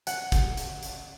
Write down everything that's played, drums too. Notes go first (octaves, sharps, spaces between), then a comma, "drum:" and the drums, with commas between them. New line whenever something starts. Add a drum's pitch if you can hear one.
F#5, drum: hi-hat
drum: kick, hi-hat
drum: hi-hat
drum: hi-hat